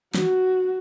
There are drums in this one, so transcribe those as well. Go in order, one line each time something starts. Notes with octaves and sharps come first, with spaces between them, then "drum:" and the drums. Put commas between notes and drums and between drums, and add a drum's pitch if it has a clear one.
F#4, drum: snare